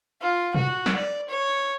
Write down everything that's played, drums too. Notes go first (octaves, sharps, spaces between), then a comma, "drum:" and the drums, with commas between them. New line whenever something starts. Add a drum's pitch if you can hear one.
F4
F#4, drum: tom
drum: snare
D5
C#5